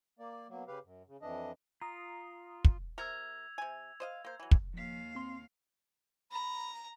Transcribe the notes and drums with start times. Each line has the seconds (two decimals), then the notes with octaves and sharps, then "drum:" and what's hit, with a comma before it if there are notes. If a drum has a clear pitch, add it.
0.19 A#3 D5
0.49 B2 F#3 A#3
0.68 C#3 G4 B4 F5
0.84 F#2
1.08 C#3
1.22 F2 E3 D4 D#5
1.81 F4 A#5 D#6
2.65 drum: kick
2.98 C3 A#4 E6 G#6 F7
3.58 C3 G#5
4.00 C5 D#5 F5
4.25 A#3 C5
4.40 E3 F#3
4.51 drum: kick
4.74 D#2 F3 F5 B6
5.15 C4 C6
6.32 A#5 B5